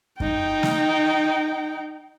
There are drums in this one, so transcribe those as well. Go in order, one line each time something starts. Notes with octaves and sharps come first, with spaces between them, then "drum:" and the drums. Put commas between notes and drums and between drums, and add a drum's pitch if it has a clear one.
D#4 G5, drum: kick F#2
drum: snare